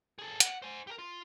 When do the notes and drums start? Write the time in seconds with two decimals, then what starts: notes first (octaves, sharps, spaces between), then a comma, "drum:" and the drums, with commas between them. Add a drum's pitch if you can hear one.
0.19 G#4 A4
0.40 F#5, drum: hi-hat
0.62 C5 G#5
0.87 G4 A#4
0.99 F4